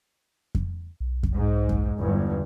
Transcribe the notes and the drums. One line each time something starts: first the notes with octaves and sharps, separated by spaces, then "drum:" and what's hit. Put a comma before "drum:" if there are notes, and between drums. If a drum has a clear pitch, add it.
drum: kick F2
B1
drum: kick F2
G#2
drum: kick F2
G1 E2 G2